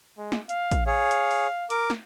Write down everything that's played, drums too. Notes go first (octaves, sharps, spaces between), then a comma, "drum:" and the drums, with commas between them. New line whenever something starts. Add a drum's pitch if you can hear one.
G#3
drum: snare
F5, drum: hi-hat
drum: kick, hi-hat
G#4 C#5 F5
drum: hi-hat
drum: open hi-hat
A#4 D6, drum: hi-hat
drum: snare